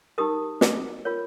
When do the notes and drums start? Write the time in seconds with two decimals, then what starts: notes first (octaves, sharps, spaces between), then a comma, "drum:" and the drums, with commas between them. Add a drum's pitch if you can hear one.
0.18 D#4 G4 A#4 D#6
0.61 D6, drum: snare
1.05 F4 A#4 C#5